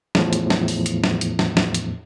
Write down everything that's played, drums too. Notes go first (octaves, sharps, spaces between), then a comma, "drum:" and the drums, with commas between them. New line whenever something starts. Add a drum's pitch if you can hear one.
E2 A2 F3, drum: snare
drum: hi-hat
drum: snare
drum: open hi-hat
drum: hi-hat
drum: snare
drum: hi-hat
drum: snare
drum: snare
drum: hi-hat